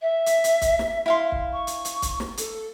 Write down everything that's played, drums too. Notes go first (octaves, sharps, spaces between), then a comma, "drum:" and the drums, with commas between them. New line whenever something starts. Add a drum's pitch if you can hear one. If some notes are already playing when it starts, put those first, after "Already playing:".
E5
drum: hi-hat
drum: hi-hat
drum: kick, hi-hat
drum: snare
E4 F5 C6
drum: kick
C#6
drum: hi-hat
drum: hi-hat
drum: kick, hi-hat
drum: snare
A4, drum: hi-hat